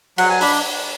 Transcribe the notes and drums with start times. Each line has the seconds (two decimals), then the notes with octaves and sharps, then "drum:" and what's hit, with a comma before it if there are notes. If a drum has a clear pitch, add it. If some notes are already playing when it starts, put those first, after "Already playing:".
0.18 F#3 F#5, drum: cymbal
0.29 G#5
0.41 D4 B5, drum: open hi-hat